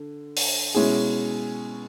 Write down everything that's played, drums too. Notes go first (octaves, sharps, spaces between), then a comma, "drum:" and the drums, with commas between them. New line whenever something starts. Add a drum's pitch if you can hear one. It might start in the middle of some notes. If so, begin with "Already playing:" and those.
Already playing: D3
drum: open hi-hat
B2 G#3 C#4 E4 G#4